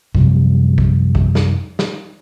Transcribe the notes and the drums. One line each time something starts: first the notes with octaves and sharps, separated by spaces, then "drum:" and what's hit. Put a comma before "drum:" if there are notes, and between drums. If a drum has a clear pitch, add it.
F#2 C3 F3 G3, drum: kick
drum: kick
drum: kick
drum: snare
drum: snare